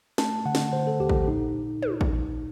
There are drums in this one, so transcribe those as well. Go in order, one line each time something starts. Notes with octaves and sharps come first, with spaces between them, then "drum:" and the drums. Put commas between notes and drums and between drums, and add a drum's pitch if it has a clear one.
A3 A5, drum: snare
D3 F#5
drum: snare
D3 C5
A4
D#2 G4
drum: kick A1
A#2 D#4
drum: tom
drum: kick A1